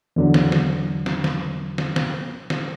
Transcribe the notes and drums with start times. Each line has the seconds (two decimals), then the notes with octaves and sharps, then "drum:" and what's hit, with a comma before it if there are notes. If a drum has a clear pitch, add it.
0.16 E2 D3 F#3
0.34 drum: snare
0.52 drum: snare
1.06 drum: snare
1.24 drum: snare
1.78 drum: snare
1.96 drum: snare
2.50 drum: snare